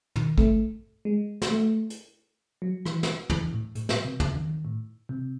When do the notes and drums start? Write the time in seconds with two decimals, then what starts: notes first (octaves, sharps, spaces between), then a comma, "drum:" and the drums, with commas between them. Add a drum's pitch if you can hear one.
0.16 D#3, drum: tom
0.38 A3, drum: kick A1
1.05 G#3
1.42 drum: snare
1.51 A3
1.90 drum: hi-hat
2.62 F#3
2.85 E3, drum: rim click
3.03 drum: snare
3.30 E3, drum: tom
3.53 A2
3.75 A2, drum: hi-hat
3.89 A2, drum: snare
4.05 C3
4.20 C#3, drum: tom
4.35 D#3
4.50 D#3
4.65 A2
5.09 C3